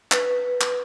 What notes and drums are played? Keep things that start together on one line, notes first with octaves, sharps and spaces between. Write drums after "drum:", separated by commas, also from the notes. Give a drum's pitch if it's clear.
B4, drum: clap
drum: clap